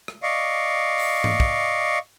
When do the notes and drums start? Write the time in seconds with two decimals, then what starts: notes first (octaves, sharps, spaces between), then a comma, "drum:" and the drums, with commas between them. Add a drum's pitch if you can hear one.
0.08 drum: rim click
0.23 D5 D#5 F5 C#6
0.98 drum: open hi-hat
1.24 drum: tom G#2
1.40 drum: kick